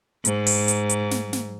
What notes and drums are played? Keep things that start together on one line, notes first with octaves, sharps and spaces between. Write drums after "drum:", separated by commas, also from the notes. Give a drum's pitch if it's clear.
G#2, drum: hi-hat
drum: open hi-hat
drum: hi-hat
drum: hi-hat
drum: snare
drum: snare